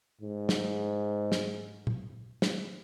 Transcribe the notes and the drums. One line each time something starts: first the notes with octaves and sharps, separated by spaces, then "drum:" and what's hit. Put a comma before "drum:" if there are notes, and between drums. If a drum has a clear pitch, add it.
G#2
drum: snare
drum: snare
drum: tom
drum: snare